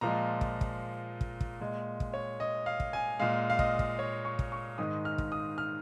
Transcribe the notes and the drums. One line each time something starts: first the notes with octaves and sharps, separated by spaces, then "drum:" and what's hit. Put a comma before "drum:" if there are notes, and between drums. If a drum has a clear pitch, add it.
A#2 F3 G#3 A#5
drum: kick
drum: kick
drum: kick
drum: kick
A#2 G#3
drum: kick
C#5
D#5
F5
drum: kick
G#5
A#2 G#3 F5
F5
D#5, drum: kick
drum: kick
C#5
C#6
drum: kick
C#6
G#2 D#3 G#3 D#6
F6
drum: kick
D#6
F6